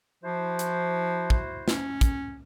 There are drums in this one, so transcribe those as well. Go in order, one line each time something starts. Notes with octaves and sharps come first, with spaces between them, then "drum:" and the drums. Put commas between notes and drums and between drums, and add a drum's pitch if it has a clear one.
F3 E4 F#4 C5
drum: hi-hat
drum: kick
C#4, drum: snare
drum: kick, hi-hat